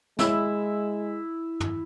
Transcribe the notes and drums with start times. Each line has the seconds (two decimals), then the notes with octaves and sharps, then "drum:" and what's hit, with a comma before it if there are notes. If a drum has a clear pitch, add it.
0.19 G#3 E4 E5, drum: snare
1.60 drum: tom